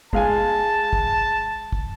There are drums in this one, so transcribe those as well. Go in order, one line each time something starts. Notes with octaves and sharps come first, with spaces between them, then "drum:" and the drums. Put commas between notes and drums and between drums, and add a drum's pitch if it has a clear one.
G#3 F5 G#5 A5, drum: kick
drum: kick
drum: kick